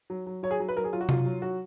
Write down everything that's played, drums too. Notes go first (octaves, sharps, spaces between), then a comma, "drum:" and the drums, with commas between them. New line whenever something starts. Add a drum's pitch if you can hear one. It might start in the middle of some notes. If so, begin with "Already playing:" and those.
F#3
F#3
F#3 C#5
G#4
F#3
B4
F#3 A#4
G#4
F#3 F4
F#4
F#3 F4, drum: tom C3
F#3
F#3 F#4